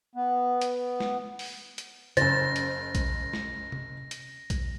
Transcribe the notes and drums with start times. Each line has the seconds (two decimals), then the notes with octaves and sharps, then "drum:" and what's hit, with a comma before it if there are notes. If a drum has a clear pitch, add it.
0.15 B3
0.61 drum: hi-hat
1.00 drum: snare
1.39 drum: open hi-hat
1.78 drum: hi-hat
2.17 F#1 C#3 C5 A6 A#6, drum: hi-hat
2.56 drum: hi-hat
2.95 drum: kick B1, hi-hat
3.33 drum: snare
3.72 drum: tom C3
4.11 drum: hi-hat
4.50 drum: kick B1, hi-hat